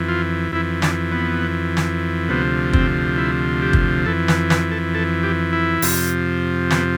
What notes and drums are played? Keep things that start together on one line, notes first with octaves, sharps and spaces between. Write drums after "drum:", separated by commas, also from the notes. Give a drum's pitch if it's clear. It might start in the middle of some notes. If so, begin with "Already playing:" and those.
Already playing: F2 E3
F4
F2 E3 E4
D4, drum: snare
B3
drum: snare
D2 C3 F3 B3
C4, drum: kick
E4
G4
drum: kick
F2 E3 A4
B4, drum: snare
B4, drum: snare
A4
A4
G4
E4
F2 C3 F3, drum: open hi-hat
B3, drum: snare